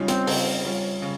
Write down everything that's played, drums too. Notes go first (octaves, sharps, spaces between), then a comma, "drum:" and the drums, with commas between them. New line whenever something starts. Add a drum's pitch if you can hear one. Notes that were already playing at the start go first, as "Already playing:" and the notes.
Already playing: C#3 G3 C#4 D#4 F4
C4, drum: hi-hat
C#3, drum: open hi-hat
G3 C#4 F4
C#3